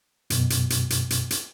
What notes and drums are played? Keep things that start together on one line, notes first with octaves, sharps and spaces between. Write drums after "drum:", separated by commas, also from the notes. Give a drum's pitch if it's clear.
F#2 B2, drum: hi-hat
drum: hi-hat
drum: hi-hat
drum: hi-hat
drum: hi-hat
drum: hi-hat